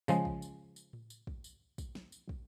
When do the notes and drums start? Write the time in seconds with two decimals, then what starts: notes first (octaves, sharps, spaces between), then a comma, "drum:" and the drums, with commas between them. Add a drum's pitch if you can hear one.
0.08 C#3 F3 G#3, drum: tambourine
0.25 drum: kick
0.42 drum: tambourine
0.76 drum: tambourine
0.93 drum: tom A2
1.10 drum: tambourine
1.27 drum: kick
1.44 drum: tambourine
1.78 drum: kick, tambourine
1.95 drum: snare
2.12 drum: tambourine
2.29 drum: kick